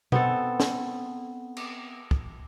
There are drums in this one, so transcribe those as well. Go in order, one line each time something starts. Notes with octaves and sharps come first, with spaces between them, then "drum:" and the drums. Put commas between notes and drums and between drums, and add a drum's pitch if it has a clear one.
B3 C4 A4, drum: tom B2
drum: snare
drum: cymbal
drum: kick